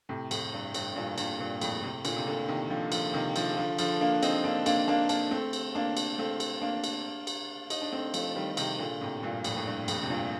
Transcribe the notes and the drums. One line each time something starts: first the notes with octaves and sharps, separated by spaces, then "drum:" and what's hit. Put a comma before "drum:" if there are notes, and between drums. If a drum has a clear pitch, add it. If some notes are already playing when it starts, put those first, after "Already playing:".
A2 C3
F2 A2, drum: cymbal
G2
G2, drum: cymbal
G2 A#2
G2 A#2, drum: cymbal
G2 A#2
F2 A2, drum: cymbal
A2 C3
A#2 D3, drum: cymbal
C3
A#2 D3
C3 D#3
D3 F3
D3 F3, drum: cymbal
C3 D#3
D3 F3, drum: cymbal
D3 F3
D3 F3, drum: cymbal
A#3 D4
C4 D#4, drum: cymbal
A#3 D4
A#3 D4, drum: cymbal
A#3 D4
A#3 D4, drum: cymbal
A3 C4
drum: cymbal
A#3 D4
drum: cymbal
A3 C4
drum: cymbal
A#3 D4
drum: cymbal
drum: cymbal
D#4, drum: cymbal
D4
A3 C4
F3 A3, drum: cymbal
D#3 G3
C3 D#3, drum: cymbal
A#2 D3
A2 C3
G2 A#2
F2 A2, drum: cymbal
A2
G2
F2 A2, drum: cymbal
C3
G2 A#2